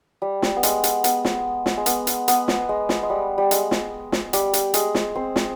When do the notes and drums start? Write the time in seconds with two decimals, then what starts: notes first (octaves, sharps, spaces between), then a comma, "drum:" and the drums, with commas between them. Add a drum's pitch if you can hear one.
0.22 G3
0.42 drum: snare
0.56 B3
0.63 G#3, drum: hi-hat
0.84 drum: hi-hat
1.04 B3, drum: hi-hat
1.25 drum: snare
1.66 drum: snare
1.77 G#3
1.86 B3, drum: hi-hat
2.07 drum: hi-hat
2.28 B3, drum: hi-hat
2.48 drum: snare
2.69 G#3
2.89 drum: snare
3.03 G#3
3.10 G3
3.38 G3
3.51 G#3, drum: hi-hat
3.71 drum: snare
4.12 drum: snare
4.33 G3 G4, drum: hi-hat
4.54 drum: hi-hat
4.74 G#3 G#4, drum: hi-hat
4.95 drum: snare
5.15 C4 C5
5.36 drum: snare